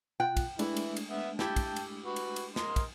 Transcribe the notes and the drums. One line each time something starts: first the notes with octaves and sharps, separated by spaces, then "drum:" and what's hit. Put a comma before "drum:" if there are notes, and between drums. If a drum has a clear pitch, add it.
B2 F4 G5 F#6
drum: kick, cymbal
E3 G#3 A3 D4 E4, drum: cymbal
drum: cymbal
drum: cymbal
B3 E5
E4 G4 G5 A5, drum: snare
drum: kick, cymbal
drum: cymbal
F#4 B4
drum: cymbal
drum: cymbal
A#4 D#5 C6, drum: snare
drum: kick, cymbal